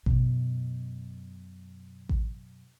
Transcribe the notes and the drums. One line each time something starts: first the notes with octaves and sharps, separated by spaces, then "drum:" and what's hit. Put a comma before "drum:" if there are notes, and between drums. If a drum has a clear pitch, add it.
F#2 B2, drum: kick A1
drum: kick A1